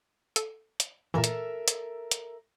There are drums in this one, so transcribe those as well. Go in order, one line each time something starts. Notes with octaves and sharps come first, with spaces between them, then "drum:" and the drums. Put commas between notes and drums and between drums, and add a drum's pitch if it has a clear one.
A4, drum: hi-hat
drum: hi-hat
A#2 E3 A4 A#4 E5
drum: hi-hat
drum: hi-hat
drum: hi-hat